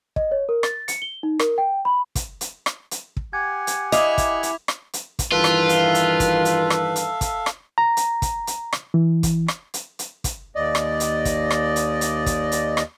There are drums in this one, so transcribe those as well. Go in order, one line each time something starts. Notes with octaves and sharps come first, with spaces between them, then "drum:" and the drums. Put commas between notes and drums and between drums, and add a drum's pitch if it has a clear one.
D#5, drum: kick
C#5
A#4
A6, drum: rim click
C#7, drum: hi-hat
G7
D#4
A#4, drum: rim click
G5
B5
drum: kick, hi-hat
drum: hi-hat
drum: rim click
drum: hi-hat
drum: kick
G4 F#5 G#5 G#6
drum: hi-hat
E4 D#5 F5 D6 F7, drum: hi-hat
drum: kick, hi-hat
drum: hi-hat
drum: rim click
drum: hi-hat
drum: kick, hi-hat
G2 D#3 E3 F4 A4 B4 E5 F5
drum: rim click
drum: hi-hat
drum: hi-hat
drum: kick, hi-hat
drum: hi-hat
drum: rim click
drum: hi-hat
drum: kick, hi-hat
drum: rim click
A#5
drum: hi-hat
drum: kick, hi-hat
drum: hi-hat
drum: rim click
E3
drum: kick, hi-hat
drum: rim click
drum: hi-hat
drum: hi-hat
drum: kick, hi-hat
D#2 D5 D#5
drum: rim click
drum: hi-hat
drum: kick, hi-hat
drum: rim click
drum: hi-hat
drum: hi-hat
drum: kick, hi-hat
drum: hi-hat
drum: rim click